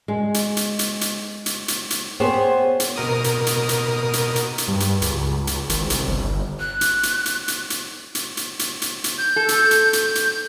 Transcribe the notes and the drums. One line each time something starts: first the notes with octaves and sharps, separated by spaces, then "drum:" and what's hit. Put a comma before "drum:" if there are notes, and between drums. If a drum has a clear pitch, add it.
G#3
drum: hi-hat
drum: hi-hat
drum: hi-hat
drum: hi-hat
drum: hi-hat
drum: hi-hat
drum: hi-hat
B3 G4 G#4 C5 C#5
drum: hi-hat
B2 A#4 D#6
drum: hi-hat
drum: hi-hat
drum: hi-hat
drum: hi-hat
drum: hi-hat
drum: hi-hat
G2
drum: hi-hat
C#2, drum: hi-hat
drum: hi-hat
G#1, drum: hi-hat
C2, drum: hi-hat
G1
F#6
drum: hi-hat
drum: hi-hat
drum: hi-hat
drum: hi-hat
drum: hi-hat
drum: hi-hat
drum: hi-hat
drum: hi-hat
drum: hi-hat
drum: hi-hat
G6
A4
drum: hi-hat
drum: hi-hat
drum: hi-hat
drum: hi-hat